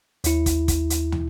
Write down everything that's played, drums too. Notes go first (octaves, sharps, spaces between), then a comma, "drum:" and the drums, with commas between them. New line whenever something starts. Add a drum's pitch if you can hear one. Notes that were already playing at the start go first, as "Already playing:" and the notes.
D#2 E4, drum: hi-hat
drum: kick, hi-hat
drum: kick, hi-hat
drum: hi-hat
drum: tom